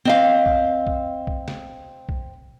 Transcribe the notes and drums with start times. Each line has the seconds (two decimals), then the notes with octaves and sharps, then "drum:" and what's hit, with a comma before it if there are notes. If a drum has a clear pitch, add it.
0.05 C4 D#5 F5
0.46 drum: kick B1
0.87 drum: kick B1
1.27 drum: kick B1
1.48 drum: snare
2.09 drum: kick B1